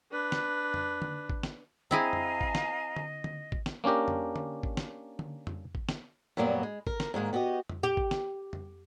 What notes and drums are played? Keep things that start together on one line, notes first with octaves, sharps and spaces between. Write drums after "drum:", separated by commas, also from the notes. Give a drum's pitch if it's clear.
D4 B4
drum: snare
drum: tom F2
drum: tom D3
drum: kick G#1
drum: snare
C4 E4 G#4 D#5 F5 G#5 A#5
drum: tom F2
drum: kick G#1
drum: snare
drum: tom D3
drum: tom D3
drum: kick G#1
drum: snare
A#3 C#4 D4 G4 A#4
drum: tom F2
drum: tom D3
drum: kick G#1
drum: snare
drum: tom D3
drum: tom F2
drum: kick G#1
drum: snare
F#2 A#2 F#3 G3 A#3 B3
G#3
A#4, drum: kick G#1
drum: snare
G#2 D#3 G#3 A#3
B3 F#4 G4 D#5
drum: tom F2
G4
drum: kick G#1
drum: snare
drum: tom F2